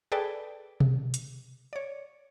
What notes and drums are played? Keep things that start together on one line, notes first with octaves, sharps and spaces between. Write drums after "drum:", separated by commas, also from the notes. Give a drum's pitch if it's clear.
G#4 A4 B4 D5 G5 A5
drum: tom B2
drum: hi-hat
C#5 D5